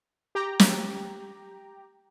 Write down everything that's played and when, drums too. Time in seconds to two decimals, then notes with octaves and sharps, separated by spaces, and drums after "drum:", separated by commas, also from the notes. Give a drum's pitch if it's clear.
0.35 G4 G5 A#5
0.60 drum: snare